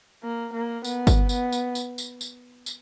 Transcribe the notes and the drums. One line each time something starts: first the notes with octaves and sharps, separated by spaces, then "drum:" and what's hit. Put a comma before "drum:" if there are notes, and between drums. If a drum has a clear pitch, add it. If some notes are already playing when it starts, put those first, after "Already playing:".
A#3
A#3
B3, drum: tambourine
drum: kick G1, tambourine
B3, drum: tambourine
drum: tambourine
drum: tambourine
drum: tambourine
drum: tambourine
drum: tambourine